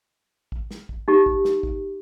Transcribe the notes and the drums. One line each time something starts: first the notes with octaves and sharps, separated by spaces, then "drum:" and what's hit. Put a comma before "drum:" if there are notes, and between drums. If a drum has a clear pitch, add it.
drum: kick
drum: snare
drum: kick
D#4 G4
drum: kick
drum: snare
drum: kick